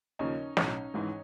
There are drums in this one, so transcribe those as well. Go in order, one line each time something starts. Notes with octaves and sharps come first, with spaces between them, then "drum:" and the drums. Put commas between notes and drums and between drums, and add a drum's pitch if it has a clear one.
D#2 C#3 F3 C#4 D#4
B1 A2 F#3 C#4 D#4, drum: snare
G#1 G#2 E3